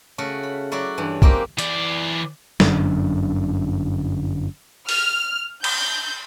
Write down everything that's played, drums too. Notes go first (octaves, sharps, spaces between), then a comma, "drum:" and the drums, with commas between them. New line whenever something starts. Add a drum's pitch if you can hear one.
C#3 A3 F#4
B5
F#3 E4 F#4 D5
G2 E3
G#3 A#3 C4 D#4 F#4 G4, drum: kick
E3 D5, drum: hi-hat
G1 F#2 D3, drum: snare
F6, drum: open hi-hat
G6, drum: cymbal